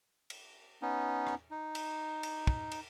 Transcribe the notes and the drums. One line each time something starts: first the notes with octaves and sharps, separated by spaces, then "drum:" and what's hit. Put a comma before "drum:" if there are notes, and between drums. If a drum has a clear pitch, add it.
drum: cymbal
B3 C#4 D#4
drum: rim click
D#4
drum: cymbal
drum: cymbal
drum: kick
drum: cymbal